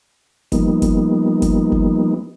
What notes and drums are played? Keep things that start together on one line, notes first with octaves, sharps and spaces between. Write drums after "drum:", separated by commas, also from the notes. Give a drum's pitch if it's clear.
F3 G3 A#3 B3 D#4, drum: kick F#1, hi-hat
drum: kick F#1, hi-hat
drum: kick F#1, hi-hat
drum: kick F#1